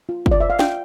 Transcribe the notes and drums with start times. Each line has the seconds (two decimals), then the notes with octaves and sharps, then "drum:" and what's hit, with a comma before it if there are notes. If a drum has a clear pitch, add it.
0.09 F4
0.26 F4, drum: kick
0.31 D5
0.40 C5 E5
0.50 F5
0.59 F4 G5, drum: snare